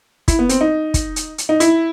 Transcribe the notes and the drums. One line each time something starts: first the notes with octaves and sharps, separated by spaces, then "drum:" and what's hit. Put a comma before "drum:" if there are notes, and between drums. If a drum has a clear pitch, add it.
E4, drum: kick, hi-hat
B3
C4, drum: hi-hat
D#4
drum: kick, hi-hat
drum: hi-hat
drum: hi-hat
D#4
E4, drum: hi-hat